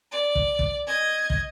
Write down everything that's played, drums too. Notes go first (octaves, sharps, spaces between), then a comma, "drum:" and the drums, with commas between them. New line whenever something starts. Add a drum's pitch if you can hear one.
D5
drum: kick
drum: kick
D#5 G#6
drum: kick